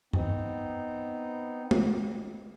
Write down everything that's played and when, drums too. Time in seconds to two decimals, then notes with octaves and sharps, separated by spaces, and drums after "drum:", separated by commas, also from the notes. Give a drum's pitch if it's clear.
0.13 B3 C4 D#4, drum: tom
1.71 drum: tom